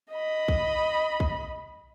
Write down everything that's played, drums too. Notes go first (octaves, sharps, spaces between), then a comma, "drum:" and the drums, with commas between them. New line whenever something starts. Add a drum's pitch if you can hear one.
D#5 B5
drum: kick
drum: kick